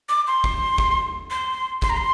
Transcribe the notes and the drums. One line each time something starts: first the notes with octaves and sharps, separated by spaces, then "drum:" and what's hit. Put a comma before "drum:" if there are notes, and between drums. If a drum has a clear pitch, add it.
D6
C6
drum: kick
drum: kick
C6
C6, drum: kick
A#5
C6